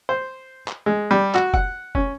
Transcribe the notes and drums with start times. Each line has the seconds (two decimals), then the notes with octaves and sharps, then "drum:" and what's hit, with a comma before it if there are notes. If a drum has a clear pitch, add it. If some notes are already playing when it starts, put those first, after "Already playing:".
0.09 C5
0.68 drum: clap
0.86 G#3
1.11 G3
1.35 F#4, drum: clap
1.54 F#5, drum: kick F1
1.95 C#4, drum: kick F1